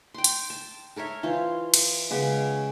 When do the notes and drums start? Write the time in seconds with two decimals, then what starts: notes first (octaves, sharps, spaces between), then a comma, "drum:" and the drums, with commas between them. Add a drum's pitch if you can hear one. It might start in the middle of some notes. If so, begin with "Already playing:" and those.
0.14 G5 C6
0.24 drum: hi-hat
0.50 A5
0.96 A4 A#4 C#5 E5
1.23 E3 F4 C5
1.74 drum: cymbal
2.10 C#3 G#3 B3 B4